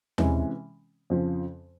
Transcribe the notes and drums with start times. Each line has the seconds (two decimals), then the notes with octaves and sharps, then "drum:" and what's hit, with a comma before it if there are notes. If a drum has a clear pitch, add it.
0.18 C3 E3 G#3 C#4, drum: tom D#2
1.10 F2 C#3 F3